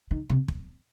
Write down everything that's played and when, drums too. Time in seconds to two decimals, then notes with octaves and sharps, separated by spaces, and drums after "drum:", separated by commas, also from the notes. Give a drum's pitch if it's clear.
0.11 D#3
0.29 C3
0.48 drum: kick